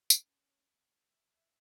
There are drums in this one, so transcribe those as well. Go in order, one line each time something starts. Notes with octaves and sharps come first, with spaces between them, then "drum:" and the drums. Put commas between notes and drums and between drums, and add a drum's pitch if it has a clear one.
C#4, drum: tambourine
E5